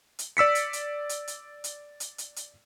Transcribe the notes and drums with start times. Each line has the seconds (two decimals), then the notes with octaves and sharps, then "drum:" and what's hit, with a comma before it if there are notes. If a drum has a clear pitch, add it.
0.19 drum: hi-hat
0.37 D5 E6 B6 C#7
0.55 drum: hi-hat
0.73 drum: hi-hat
1.09 drum: hi-hat
1.28 drum: hi-hat
1.64 drum: hi-hat
2.00 drum: hi-hat
2.18 drum: hi-hat
2.36 drum: hi-hat